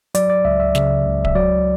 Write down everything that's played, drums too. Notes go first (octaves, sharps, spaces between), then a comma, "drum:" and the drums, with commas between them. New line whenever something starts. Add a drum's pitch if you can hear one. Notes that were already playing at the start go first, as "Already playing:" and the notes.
F#3 D5, drum: hi-hat
D5
C#2 E5
E5
C#3 E5, drum: snare
C#2
E5, drum: kick D1
F#3 D5